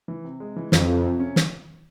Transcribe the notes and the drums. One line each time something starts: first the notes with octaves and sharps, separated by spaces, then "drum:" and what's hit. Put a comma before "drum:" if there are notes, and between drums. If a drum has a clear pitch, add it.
E3
C3
G#3
E3
F2 E3, drum: snare
C3
C3
C#4
drum: snare